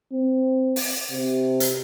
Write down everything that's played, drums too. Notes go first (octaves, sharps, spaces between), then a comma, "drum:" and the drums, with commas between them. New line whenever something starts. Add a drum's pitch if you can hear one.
C4
drum: open hi-hat
C3
drum: hi-hat